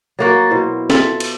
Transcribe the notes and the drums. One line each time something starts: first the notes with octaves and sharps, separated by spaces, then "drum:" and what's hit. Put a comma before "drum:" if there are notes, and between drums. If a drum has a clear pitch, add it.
F#3 A#3 F#4 A6
B2 E4 C5
F4 A4 E5, drum: snare
drum: cymbal